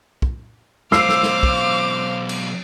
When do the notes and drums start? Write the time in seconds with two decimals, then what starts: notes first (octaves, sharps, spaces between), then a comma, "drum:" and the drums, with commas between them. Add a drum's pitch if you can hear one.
0.22 drum: kick
0.92 B1 F4 C5 F5 D6 E6 C7, drum: snare
1.09 drum: snare
1.23 drum: snare
1.43 drum: kick
2.29 drum: cymbal